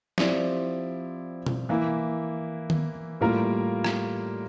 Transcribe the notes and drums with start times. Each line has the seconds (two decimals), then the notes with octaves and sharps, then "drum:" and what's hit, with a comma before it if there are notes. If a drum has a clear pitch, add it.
0.18 F3 C4 E4 G4 D5, drum: snare
1.46 drum: tom B2
1.69 E3 A#3 E4
2.70 drum: tom D#3
3.21 A2 G3 A#3 F4 A#4
3.84 drum: rim click